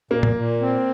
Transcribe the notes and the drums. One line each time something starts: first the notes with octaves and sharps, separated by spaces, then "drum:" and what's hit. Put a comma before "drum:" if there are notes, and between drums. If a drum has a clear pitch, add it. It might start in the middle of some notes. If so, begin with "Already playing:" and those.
A#2 A#3
drum: tom
A#2
C4